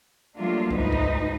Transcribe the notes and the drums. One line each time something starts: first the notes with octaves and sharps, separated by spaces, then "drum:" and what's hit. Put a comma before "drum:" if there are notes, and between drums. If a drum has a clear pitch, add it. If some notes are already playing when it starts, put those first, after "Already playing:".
F#3 G3 A3 A#3 D4 F4
D2 G#2 D#4 B4, drum: kick
drum: kick